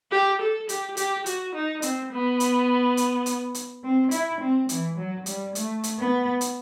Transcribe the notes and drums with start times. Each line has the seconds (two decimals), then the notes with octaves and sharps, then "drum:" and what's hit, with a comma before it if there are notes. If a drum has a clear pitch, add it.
0.11 G4
0.40 A4
0.69 G4, drum: hi-hat
0.97 G4, drum: hi-hat
1.26 F#4, drum: hi-hat
1.55 D#4
1.82 C4, drum: hi-hat
2.12 B3
2.40 drum: hi-hat
2.97 drum: hi-hat
3.26 drum: hi-hat
3.54 drum: hi-hat
3.83 C4
4.11 E4, drum: hi-hat
4.40 C4
4.69 E3, drum: hi-hat
4.97 F#3
5.26 G3, drum: hi-hat
5.55 A3, drum: hi-hat
5.84 drum: hi-hat
5.98 B3
6.41 drum: hi-hat